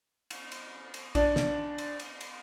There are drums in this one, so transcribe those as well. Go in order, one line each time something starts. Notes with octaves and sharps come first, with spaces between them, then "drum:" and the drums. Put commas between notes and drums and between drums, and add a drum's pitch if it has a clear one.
drum: cymbal
drum: cymbal
drum: cymbal
D4, drum: kick A#1, cymbal
drum: snare
drum: cymbal
drum: cymbal
drum: cymbal